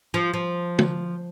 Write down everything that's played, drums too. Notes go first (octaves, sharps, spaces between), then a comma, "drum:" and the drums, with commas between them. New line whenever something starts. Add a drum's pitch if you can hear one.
F3
F3
drum: tom